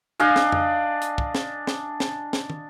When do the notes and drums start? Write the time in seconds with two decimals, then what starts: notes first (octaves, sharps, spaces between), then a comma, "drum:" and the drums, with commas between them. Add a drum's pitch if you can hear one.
0.20 D4 D#5 F5 G#5
0.36 drum: snare
0.52 drum: tom F2
1.02 drum: hi-hat
1.18 drum: kick
1.35 drum: snare
1.67 drum: snare
2.00 drum: snare
2.33 drum: snare
2.50 drum: tom